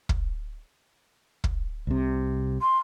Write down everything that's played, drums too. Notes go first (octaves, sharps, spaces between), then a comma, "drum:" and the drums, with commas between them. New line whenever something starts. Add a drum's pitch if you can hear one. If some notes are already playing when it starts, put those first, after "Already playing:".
drum: kick
drum: kick
C2 C3
C6